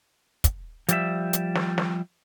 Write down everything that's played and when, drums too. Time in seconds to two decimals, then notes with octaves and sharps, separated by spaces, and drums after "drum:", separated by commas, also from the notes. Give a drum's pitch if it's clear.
0.44 drum: kick, hi-hat
0.89 F3 G3 E5, drum: hi-hat
1.33 drum: hi-hat
1.55 drum: snare
1.78 drum: snare